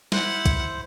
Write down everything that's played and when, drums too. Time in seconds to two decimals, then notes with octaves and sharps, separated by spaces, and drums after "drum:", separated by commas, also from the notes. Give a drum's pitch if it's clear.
0.12 E4 C5 F#5, drum: snare
0.46 drum: kick, hi-hat